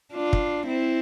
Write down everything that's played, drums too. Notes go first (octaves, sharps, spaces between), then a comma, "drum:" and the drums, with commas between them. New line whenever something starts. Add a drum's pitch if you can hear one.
D4 F4
drum: kick
C4 E4